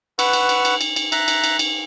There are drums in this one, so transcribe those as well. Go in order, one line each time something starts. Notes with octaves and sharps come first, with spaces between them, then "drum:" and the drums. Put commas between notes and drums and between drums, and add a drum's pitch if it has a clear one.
B4 F#5 C#6 E6, drum: cymbal
drum: cymbal
drum: cymbal
drum: cymbal
drum: cymbal
drum: cymbal
E5 A#5 F#6, drum: cymbal
drum: cymbal
drum: cymbal
drum: cymbal